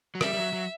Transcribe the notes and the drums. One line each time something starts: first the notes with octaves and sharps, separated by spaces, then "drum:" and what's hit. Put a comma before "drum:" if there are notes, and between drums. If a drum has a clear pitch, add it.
F#3
G3 E5, drum: rim click
G3
F#3
F#3